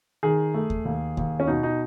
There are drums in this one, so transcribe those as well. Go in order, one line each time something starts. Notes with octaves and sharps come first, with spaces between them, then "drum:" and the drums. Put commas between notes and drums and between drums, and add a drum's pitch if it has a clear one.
D#3 G#4
A3
drum: kick D#2
D#2
D#2, drum: kick D#2
C#4
B2 D#4
D#4